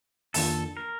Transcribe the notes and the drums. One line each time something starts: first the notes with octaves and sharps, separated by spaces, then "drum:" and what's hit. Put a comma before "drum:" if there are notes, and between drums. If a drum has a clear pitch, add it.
F2 D#3 A#3 D4 F4 A4, drum: open hi-hat
A#4